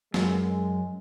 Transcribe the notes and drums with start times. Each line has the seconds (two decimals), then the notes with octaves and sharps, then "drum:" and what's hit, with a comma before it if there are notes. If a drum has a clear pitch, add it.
0.14 F#2 G#3, drum: snare